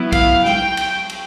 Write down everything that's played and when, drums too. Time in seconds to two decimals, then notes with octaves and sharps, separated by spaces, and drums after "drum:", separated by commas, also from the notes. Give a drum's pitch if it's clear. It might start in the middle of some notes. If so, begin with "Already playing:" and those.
Already playing: F#3 B3 E4
0.12 F5, drum: kick A#1, cymbal
0.45 G5, drum: snare
0.77 drum: cymbal
1.09 drum: cymbal